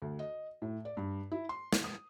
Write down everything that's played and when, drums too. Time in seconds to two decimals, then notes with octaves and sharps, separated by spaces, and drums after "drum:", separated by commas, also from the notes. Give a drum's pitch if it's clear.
0.02 D2
0.19 D#5
0.62 A2
0.85 D5
0.97 G2
1.32 E4
1.49 C6
1.73 drum: snare
1.84 D#6